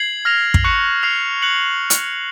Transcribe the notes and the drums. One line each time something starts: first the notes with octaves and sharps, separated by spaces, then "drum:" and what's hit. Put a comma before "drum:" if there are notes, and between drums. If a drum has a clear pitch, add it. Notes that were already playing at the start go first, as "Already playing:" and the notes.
Already playing: G#6 C7 F#7
F6 A#6 F7
drum: kick
C#6 F#6 C#7
F6 C7 F7
F#6 C#7 F#7
drum: hi-hat